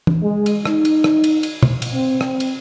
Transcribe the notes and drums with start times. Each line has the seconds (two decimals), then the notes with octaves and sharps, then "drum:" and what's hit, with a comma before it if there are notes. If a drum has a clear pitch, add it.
0.07 drum: tom
0.22 G#3
0.46 drum: cymbal
0.65 D#4, drum: rim click
0.85 drum: cymbal
1.04 drum: rim click
1.24 drum: cymbal
1.43 drum: cymbal
1.63 drum: tom
1.82 drum: cymbal
1.93 C4
2.21 drum: rim click
2.40 drum: cymbal